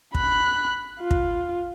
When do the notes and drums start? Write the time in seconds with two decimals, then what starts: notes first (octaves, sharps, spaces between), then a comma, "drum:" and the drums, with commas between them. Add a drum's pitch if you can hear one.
0.15 B5 F#6, drum: kick
1.00 F4
1.11 drum: kick